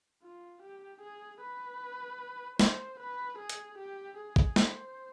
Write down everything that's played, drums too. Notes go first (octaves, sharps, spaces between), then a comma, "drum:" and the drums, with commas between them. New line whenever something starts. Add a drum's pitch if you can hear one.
F4
G4
G#4
B4
C5, drum: snare
B4
G#4
drum: hi-hat
G4
G#4
drum: kick G#1
C5, drum: snare